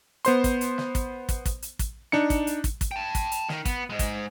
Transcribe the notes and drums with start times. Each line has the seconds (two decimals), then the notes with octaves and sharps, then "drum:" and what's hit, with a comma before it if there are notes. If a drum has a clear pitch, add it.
0.25 B3 C5 C6, drum: hi-hat
0.44 drum: kick, hi-hat
0.61 drum: hi-hat
0.78 drum: snare
0.95 drum: kick, hi-hat
1.29 drum: kick, hi-hat
1.46 drum: kick, hi-hat
1.62 drum: hi-hat
1.79 drum: kick, hi-hat
2.12 D4 D#4 C#7, drum: snare
2.30 drum: kick, hi-hat
2.47 drum: hi-hat
2.64 drum: kick, hi-hat
2.81 drum: kick, hi-hat
2.92 G5 A5
3.15 drum: kick, hi-hat
3.32 drum: hi-hat
3.49 D#3, drum: snare
3.65 B3, drum: kick, hi-hat
3.90 G#2 G#3
3.99 drum: kick, hi-hat